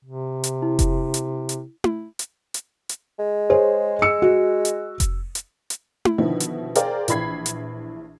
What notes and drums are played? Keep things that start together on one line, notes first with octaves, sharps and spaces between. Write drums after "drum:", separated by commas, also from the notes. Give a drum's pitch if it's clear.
C3
drum: hi-hat
E4
drum: kick F1, hi-hat
drum: hi-hat
drum: hi-hat
drum: tom E4
drum: hi-hat
drum: hi-hat
drum: hi-hat
G#3
G#4 C5 C#5
E6 C#7
F#4
drum: hi-hat
drum: kick F1, hi-hat
drum: hi-hat
drum: hi-hat
drum: tom E4
B2 D3 D#3 F3 E4
drum: hi-hat
G#4 A#4 C5 D5 F5 G5, drum: hi-hat
A#1 E3 E4 B5 G#6 C7, drum: hi-hat
drum: hi-hat